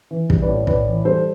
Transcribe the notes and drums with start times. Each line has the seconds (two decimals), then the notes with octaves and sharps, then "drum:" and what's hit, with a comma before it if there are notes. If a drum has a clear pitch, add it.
0.11 E3
0.30 G3, drum: kick
0.42 B4 D5
0.49 A2
0.67 A2 B4 D5, drum: kick
0.87 E3
1.05 G3 A4 C5